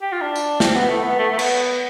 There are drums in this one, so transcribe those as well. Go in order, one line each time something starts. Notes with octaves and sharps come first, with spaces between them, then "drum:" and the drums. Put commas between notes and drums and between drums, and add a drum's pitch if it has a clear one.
G4
F4
D4
drum: tambourine
C4, drum: snare
B3
A3
B3
A3
A3
B3, drum: cymbal